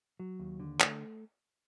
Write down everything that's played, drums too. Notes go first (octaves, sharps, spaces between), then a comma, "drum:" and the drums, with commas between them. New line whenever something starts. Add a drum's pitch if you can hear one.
F#3
D#2
D3
A3, drum: clap